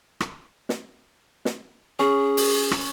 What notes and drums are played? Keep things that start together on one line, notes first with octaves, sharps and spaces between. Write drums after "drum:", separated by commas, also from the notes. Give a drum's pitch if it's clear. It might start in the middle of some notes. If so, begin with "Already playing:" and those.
drum: rim click
drum: snare
drum: snare
C#4 G#4
drum: open hi-hat
drum: rim click